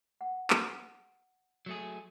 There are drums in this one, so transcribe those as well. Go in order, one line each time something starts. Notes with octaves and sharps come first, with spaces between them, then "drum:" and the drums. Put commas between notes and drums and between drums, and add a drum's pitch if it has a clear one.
F#5
drum: clap
F#3 A3 G#4